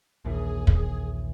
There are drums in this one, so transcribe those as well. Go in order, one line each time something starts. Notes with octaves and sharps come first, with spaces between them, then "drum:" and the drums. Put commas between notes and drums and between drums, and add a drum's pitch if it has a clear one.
A#1 D#2 E3 G#4
drum: kick